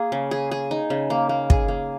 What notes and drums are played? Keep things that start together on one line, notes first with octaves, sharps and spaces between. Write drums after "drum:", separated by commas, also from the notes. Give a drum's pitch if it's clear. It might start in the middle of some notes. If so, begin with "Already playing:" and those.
Already playing: A#3 G#4
C#3
G#4
G#4
D#4
C#3
A#3
A#3
G#4, drum: kick
A#3